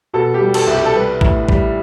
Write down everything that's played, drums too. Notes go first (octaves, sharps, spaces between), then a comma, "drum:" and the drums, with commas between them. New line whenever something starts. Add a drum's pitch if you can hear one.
B2 A4
G4
G3
A4, drum: cymbal
C2
G4
A4
G3 B4
A2, drum: kick A1
G3, drum: kick A1